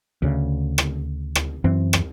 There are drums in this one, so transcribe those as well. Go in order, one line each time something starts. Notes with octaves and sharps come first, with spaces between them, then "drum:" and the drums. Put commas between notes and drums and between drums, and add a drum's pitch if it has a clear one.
D2 C#3
drum: rim click
drum: rim click
F#2 E3 C4
drum: rim click